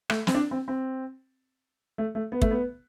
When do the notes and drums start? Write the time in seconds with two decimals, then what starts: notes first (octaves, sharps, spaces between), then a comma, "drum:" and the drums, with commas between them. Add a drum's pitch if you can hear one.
0.10 A3, drum: rim click
0.27 C4, drum: snare
0.34 D4
0.51 C4
0.68 C4
1.98 A3
2.15 A3
2.32 B3
2.42 A3, drum: kick
2.51 B3